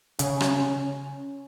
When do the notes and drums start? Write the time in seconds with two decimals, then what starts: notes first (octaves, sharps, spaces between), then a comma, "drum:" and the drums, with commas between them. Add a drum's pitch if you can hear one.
0.19 C#3 C#4, drum: hi-hat
0.40 drum: rim click
0.54 C#4